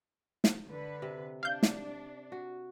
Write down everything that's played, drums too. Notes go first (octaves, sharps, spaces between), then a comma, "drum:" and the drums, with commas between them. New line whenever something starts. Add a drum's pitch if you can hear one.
drum: snare
D3 B4
C3
D4 F5 G6
drum: snare
F#4